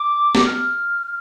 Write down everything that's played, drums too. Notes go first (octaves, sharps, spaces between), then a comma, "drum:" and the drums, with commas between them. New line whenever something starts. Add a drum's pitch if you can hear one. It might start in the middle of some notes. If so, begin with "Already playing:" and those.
Already playing: D6
drum: snare
F6